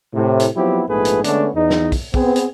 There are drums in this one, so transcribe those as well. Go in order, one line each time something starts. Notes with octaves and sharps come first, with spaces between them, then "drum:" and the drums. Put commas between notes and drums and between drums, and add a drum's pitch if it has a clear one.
A2 C3
drum: hi-hat
F3 F#3 B3 C4 E4 G4
A#1 G#2 A3 B3 G#4 B4
drum: hi-hat
D3 G#3 A3 B3 C#4 D4, drum: hi-hat
E2 D#4
drum: snare
drum: kick, open hi-hat
B3 C4 G#4, drum: kick
drum: hi-hat